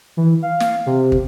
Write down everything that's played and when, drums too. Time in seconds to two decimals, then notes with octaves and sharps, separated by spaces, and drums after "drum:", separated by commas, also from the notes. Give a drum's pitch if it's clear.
0.17 E3
0.42 F5
0.60 drum: snare
0.86 C3
1.12 drum: kick